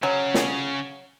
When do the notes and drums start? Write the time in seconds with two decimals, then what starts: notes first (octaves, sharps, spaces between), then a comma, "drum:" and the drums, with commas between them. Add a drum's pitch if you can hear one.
0.03 C#3 F#3 C#4
0.34 drum: snare